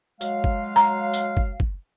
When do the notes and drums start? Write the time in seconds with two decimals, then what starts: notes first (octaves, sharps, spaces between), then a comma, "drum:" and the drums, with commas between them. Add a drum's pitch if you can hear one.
0.21 F#3 G#3 F5, drum: tambourine
0.44 drum: kick
0.76 A#5
1.14 drum: tambourine
1.37 drum: kick
1.60 drum: kick